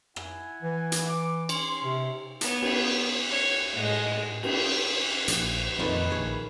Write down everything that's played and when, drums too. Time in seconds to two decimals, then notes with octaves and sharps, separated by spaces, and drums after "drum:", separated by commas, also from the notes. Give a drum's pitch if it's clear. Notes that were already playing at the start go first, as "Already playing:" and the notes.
0.16 E4 F#5 G#5, drum: rim click
0.62 E3
0.92 drum: hi-hat
1.08 D6
1.49 C#4 C6, drum: cymbal
1.83 C3
2.41 B3 C#5, drum: hi-hat
2.62 drum: cymbal
3.30 C#5
3.74 A2 G#3 D#5 F#5
4.43 drum: cymbal
5.28 A#1, drum: hi-hat
5.79 F2 A#2 D#3 A3 B4
6.10 A#1 G#4 C#5